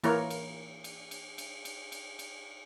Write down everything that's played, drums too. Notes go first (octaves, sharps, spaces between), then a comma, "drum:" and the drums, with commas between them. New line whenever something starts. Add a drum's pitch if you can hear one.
E3 A#3 E4 A#4 C#5, drum: cymbal
drum: cymbal
drum: cymbal
drum: cymbal
drum: cymbal
drum: cymbal
drum: cymbal
drum: cymbal